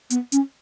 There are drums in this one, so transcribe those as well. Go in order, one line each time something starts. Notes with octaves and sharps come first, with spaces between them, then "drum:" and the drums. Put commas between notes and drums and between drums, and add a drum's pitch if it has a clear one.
B3, drum: hi-hat
C#4, drum: hi-hat